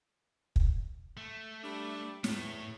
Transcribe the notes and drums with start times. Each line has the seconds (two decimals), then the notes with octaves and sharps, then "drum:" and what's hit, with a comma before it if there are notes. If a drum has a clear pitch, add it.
0.56 drum: kick
1.17 A3
1.63 G3 D4
2.24 E2 A2 C#5, drum: snare